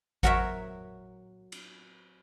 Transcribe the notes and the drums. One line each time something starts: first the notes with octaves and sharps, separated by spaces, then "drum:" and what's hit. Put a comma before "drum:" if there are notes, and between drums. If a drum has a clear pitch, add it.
F#3 F#4 A#4 C#5 E5, drum: kick G#1
drum: cymbal